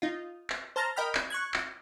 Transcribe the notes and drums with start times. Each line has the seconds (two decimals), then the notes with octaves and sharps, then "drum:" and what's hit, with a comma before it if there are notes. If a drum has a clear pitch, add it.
0.02 D#4 F4
0.50 drum: clap
0.76 C5 A5 A#5 F6 A6 A#6
0.96 A#4 D#5 G5 B5 F6
1.15 drum: clap
1.30 C#6 F#6 G#6
1.54 drum: clap